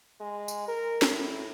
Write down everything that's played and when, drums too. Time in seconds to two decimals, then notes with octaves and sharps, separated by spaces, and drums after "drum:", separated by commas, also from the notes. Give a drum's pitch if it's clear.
0.21 G#3
0.48 drum: tambourine
0.68 A#4
1.02 drum: snare
1.11 A2